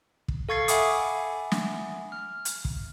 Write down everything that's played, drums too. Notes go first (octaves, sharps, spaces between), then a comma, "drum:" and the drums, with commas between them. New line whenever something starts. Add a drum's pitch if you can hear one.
drum: kick
A4 F5 C#6 G#6 A6 C7
E5 F#5 G#5 B5 D6 D#6, drum: hi-hat
drum: snare
F6
drum: hi-hat
drum: kick